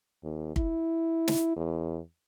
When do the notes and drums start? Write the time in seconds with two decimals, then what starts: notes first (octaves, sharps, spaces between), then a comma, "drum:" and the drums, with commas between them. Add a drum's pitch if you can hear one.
0.24 D#2
0.56 E4, drum: kick
1.28 drum: snare
1.56 E2